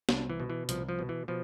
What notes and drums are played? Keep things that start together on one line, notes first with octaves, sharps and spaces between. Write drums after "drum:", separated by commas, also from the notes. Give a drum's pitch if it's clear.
C2 D4, drum: snare B3
E3
B2
E3
C2 F3, drum: hi-hat
F3
B2
E3
B2 F3